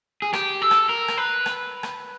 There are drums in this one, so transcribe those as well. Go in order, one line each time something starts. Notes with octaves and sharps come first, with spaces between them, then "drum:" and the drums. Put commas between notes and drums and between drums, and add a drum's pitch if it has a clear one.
G#4
G4, drum: rim click
A4
drum: rim click
A#4
drum: rim click
B4
drum: rim click
drum: rim click